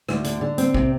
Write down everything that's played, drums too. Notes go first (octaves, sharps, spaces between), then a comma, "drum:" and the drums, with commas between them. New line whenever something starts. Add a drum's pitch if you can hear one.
D2, drum: rim click
D3, drum: hi-hat
D3
C4, drum: hi-hat
C3, drum: kick B1